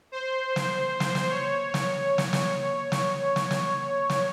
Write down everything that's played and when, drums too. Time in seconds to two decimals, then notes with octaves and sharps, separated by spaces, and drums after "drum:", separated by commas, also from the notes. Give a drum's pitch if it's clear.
0.12 C5
0.56 drum: snare
1.00 drum: snare
1.15 drum: snare
1.29 C#5
1.74 drum: snare
2.18 drum: snare
2.33 drum: snare
2.92 drum: snare
3.36 drum: snare
3.51 drum: snare
4.10 drum: snare